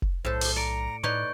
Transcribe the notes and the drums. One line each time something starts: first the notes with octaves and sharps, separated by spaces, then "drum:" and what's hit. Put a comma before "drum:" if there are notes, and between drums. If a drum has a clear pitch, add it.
drum: kick F1
B1 A2 A4 C5
drum: open hi-hat
D5 A#5 C#7 D7
A2 D#4 B4 C#5 D5 C#6 G6